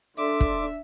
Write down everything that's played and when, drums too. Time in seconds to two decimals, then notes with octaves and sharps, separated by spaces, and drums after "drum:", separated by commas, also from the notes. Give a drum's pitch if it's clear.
0.18 D4 A4 D5 E5 C6 D6
0.40 drum: kick